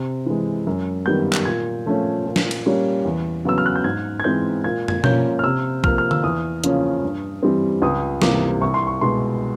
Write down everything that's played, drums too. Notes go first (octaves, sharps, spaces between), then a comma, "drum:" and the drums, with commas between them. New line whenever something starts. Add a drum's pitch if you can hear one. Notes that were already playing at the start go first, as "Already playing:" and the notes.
Already playing: C3
E3 G#3
F#2
D#3 G3 B3 G6
drum: clap
A#2 G#6
F3 A3 C#4
A#2
drum: snare
drum: cymbal
G3 A#3 C#4
E2
C#3 F#3 B3 E6
F6
F#6
G6
G#2 G#6
G#6
E3 G#3 C4 G6
A#2 G#6
G#6, drum: tom
F3 A#3 C#4 G6, drum: tom B2
F6
C3 E6
F3 A#3 F6, drum: kick
F6
E6, drum: tom D3
E2 D#6
C#3 F3 A#3 C#4, drum: hi-hat
G2
E3 G3 C4
C#2 D#6
C3 E3 G3 A#3 D6, drum: snare
C2 C#6
C6
C#6
B2 G#3 C6